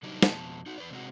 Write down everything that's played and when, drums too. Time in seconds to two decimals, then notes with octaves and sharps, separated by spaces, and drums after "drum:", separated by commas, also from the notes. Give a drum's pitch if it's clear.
0.03 C3 F#3 G3 D4 D#4 G4
0.22 F2 B2 A5, drum: snare
0.66 D#4 F#4
0.78 E2 B4 D5
0.90 C3 G#3 F#4